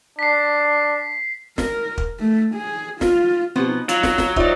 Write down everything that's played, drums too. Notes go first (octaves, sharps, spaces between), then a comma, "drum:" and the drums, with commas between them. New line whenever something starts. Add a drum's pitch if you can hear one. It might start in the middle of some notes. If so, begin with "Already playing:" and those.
D4 B6 C7
A#4, drum: snare
drum: kick
A3
G#4
F4, drum: snare
B2 F3 B3 C4 G4
D#4
F#3 F4, drum: hi-hat
drum: snare
drum: snare
D#4 F4 C5 D5 E5, drum: kick